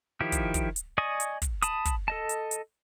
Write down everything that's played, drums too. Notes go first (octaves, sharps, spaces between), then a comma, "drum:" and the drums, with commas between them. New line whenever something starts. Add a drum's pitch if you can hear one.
D#3 F3 E4 G4
drum: kick, hi-hat
drum: kick, hi-hat
drum: hi-hat
D5 D#5 G#5 C#6 D#6
drum: hi-hat
drum: kick, hi-hat
A5 B5 D#6, drum: hi-hat
drum: kick, hi-hat
A4 D#5 A5
drum: hi-hat
drum: hi-hat